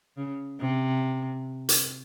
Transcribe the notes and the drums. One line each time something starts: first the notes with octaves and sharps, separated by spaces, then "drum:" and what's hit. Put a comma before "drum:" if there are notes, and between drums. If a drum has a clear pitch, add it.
C#3
C3
drum: hi-hat